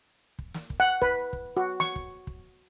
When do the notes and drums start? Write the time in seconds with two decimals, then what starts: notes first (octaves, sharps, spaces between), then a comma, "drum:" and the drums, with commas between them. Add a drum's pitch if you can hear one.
0.39 drum: kick
0.54 drum: snare
0.70 drum: kick
0.80 F#5
1.02 B4, drum: kick
1.33 drum: kick
1.57 F#4
1.80 C#6, drum: snare
1.96 drum: kick
2.27 drum: kick